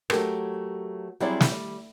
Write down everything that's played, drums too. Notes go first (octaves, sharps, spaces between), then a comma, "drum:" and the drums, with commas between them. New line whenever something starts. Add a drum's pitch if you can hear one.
F#3 A3 G4 A4 A#4, drum: rim click
F#3 G3 C4 E4 G#4 D5
drum: snare
G3